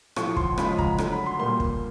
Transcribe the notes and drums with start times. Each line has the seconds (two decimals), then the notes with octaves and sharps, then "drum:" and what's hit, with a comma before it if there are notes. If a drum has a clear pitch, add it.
0.16 A2 F3 A3 C#6, drum: rim click
0.37 C6, drum: kick
0.58 C#3 F3 G#3 B5, drum: rim click
0.78 A#5, drum: kick
0.98 D3 F#3 A3 A#5, drum: rim click
1.12 B5
1.26 C6
1.39 A#2 G3 A#3 C6
1.60 drum: kick